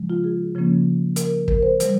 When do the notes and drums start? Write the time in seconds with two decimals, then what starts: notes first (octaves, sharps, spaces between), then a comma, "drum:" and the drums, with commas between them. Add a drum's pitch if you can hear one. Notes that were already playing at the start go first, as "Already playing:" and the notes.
Already playing: C#3 F3 G#3
0.10 F4
0.24 G#4
0.55 C#3 F3 A#3 C#4
1.16 A#4, drum: hi-hat
1.48 A#4, drum: kick
1.63 C5
1.80 E3 G3, drum: hi-hat